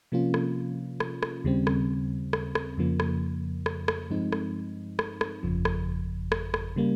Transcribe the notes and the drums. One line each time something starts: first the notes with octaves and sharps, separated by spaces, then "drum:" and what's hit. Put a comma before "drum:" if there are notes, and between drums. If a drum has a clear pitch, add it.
C3 F3 A#3 C#4 F4
drum: rim click
drum: rim click
drum: rim click
D#2 C#3 G3 C4
drum: rim click
drum: rim click
drum: rim click
F2 C#3 F3 A#3
drum: rim click
drum: rim click
drum: rim click
G2 F3 G#3 C4 D#4
drum: rim click
drum: rim click
drum: rim click
G1 F2 C#3 F3
drum: rim click
drum: rim click
drum: rim click
C#3 G3 A#3